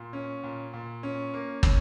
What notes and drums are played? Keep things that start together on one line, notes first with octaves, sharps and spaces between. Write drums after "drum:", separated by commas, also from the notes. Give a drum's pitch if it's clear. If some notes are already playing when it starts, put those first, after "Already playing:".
Already playing: A#2
C#4
A#2
A#2
C#4
A#3
C#4, drum: kick